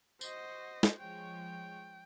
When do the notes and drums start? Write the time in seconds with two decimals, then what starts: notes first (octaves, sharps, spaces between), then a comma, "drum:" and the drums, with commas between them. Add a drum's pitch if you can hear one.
0.21 F#4 C5 D#5, drum: tambourine
0.83 drum: snare
1.00 F3 G#3 C#5 G5